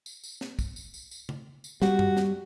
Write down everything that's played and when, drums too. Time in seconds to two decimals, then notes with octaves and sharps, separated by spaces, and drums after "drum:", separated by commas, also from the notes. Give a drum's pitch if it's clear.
0.06 drum: tambourine
0.24 drum: tambourine
0.41 drum: snare
0.59 drum: kick, tambourine
0.76 drum: tambourine
0.94 drum: tambourine
1.11 drum: tambourine
1.29 drum: tom C#3
1.64 drum: tambourine
1.82 G3 F#4, drum: snare
1.99 drum: tom F#2
2.17 drum: snare